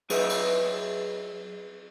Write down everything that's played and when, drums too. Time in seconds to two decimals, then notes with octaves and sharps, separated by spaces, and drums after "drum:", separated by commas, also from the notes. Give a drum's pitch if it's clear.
0.10 F#3 G#4 B4 D#5 E5, drum: cymbal
0.29 drum: cymbal